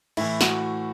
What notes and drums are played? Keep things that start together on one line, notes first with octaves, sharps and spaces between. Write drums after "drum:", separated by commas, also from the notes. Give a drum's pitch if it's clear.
A2 E3 E4, drum: cymbal
F#4, drum: snare